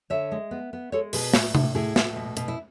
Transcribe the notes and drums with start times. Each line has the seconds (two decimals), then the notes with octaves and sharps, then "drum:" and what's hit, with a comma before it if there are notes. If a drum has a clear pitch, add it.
0.10 D3 C#5 E5
0.32 G#3
0.51 B3
0.73 B3
0.92 G#3 A4 C#5
1.13 B2 G#4 B4, drum: open hi-hat
1.34 A2, drum: snare
1.55 A2, drum: tom C3
1.75 A2 E4 G#4
1.96 A2, drum: snare
2.16 B2
2.37 B2, drum: hi-hat
2.48 E4